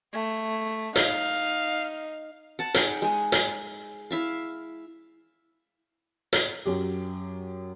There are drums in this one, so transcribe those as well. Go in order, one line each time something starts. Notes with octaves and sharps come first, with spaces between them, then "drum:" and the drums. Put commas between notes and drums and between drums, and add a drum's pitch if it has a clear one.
A3
D#4 F5, drum: hi-hat
F#5 A5
D#4 G#4 F#5 G5, drum: hi-hat
G#3 G#4
drum: hi-hat
E4 E5 F5
drum: hi-hat
F#2 F#3 G4